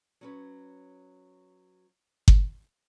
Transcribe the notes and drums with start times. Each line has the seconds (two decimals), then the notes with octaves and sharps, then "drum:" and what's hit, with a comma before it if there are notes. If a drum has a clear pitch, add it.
0.21 F#3 C#4 B4
2.28 drum: kick G1